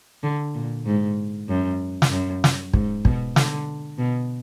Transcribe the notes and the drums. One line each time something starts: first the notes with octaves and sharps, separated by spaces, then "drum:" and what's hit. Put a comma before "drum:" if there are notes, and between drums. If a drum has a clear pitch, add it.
D3
A#2
G#2
F#2
drum: snare
F#2
drum: snare
G#2, drum: kick
B2, drum: kick
D3, drum: snare
B2